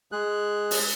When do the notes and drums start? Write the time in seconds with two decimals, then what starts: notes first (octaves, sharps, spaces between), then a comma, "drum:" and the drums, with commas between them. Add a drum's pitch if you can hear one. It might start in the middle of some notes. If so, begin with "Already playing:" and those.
0.12 G#3 G#4 F#6
0.71 drum: open hi-hat